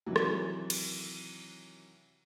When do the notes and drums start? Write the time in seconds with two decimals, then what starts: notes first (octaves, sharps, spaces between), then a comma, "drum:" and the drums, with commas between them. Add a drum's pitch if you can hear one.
0.06 C3 D#3 E3 F#3
0.16 drum: rim click
0.70 drum: cymbal